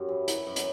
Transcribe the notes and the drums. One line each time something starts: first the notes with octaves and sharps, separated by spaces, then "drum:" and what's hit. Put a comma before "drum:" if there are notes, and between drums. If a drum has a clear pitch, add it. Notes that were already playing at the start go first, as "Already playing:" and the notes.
Already playing: F#2 F#4 G4
E3
E3 E4, drum: hi-hat
F#2
drum: hi-hat